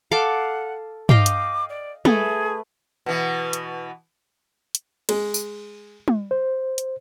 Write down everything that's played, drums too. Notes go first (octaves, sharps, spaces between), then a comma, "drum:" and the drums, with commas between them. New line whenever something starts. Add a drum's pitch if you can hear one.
A4 F5 F#5 D6
D#5 F5 G5 D6, drum: tom
drum: hi-hat
D5
A3 G#4 A4 B4, drum: tom
B2 E3
drum: hi-hat
drum: hi-hat
G#3, drum: cymbal
drum: tambourine
drum: tom
C5
drum: hi-hat